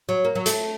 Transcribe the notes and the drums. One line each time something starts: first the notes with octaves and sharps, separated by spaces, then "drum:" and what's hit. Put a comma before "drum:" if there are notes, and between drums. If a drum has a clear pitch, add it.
F#3
A#3
F#3
A3, drum: hi-hat